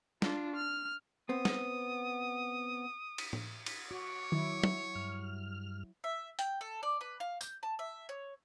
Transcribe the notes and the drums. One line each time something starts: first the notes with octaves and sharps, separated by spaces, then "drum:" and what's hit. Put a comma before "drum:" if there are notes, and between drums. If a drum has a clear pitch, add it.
D4 F4, drum: snare
F6
B3 C4 D#6
drum: snare
drum: cymbal
drum: tom A2
drum: cymbal
F#4 C#5 D6
D#3 F#3 E4
drum: tom
G2 F6
E5
G5, drum: hi-hat
A4
D5
B4
F5
G6, drum: tambourine
A5
E5
C#5